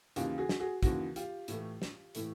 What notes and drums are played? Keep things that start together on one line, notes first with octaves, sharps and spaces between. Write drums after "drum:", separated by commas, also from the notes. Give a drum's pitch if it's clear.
D#2 C#3 E3 F4 G4, drum: hi-hat
F#4 G#4
drum: snare
F#4 G#4
D#2 C#3 E3 F#4, drum: kick, hi-hat
F4 G4, drum: hi-hat
A2 E3 A3, drum: hi-hat
drum: snare
A2 E3 A3, drum: hi-hat